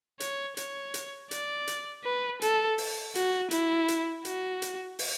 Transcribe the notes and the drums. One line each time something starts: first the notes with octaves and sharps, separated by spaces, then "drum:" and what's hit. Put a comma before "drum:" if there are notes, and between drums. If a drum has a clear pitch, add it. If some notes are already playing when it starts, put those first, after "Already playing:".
C#5, drum: hi-hat
C#5, drum: hi-hat
drum: hi-hat
D5, drum: hi-hat
drum: hi-hat
B4
A4, drum: hi-hat
drum: open hi-hat
F#4, drum: hi-hat
E4, drum: hi-hat
drum: hi-hat
F#4, drum: hi-hat
drum: hi-hat
drum: open hi-hat